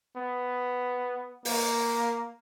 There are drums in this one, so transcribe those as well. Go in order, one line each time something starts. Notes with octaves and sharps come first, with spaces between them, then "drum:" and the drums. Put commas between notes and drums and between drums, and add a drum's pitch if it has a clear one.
B3
A#3, drum: open hi-hat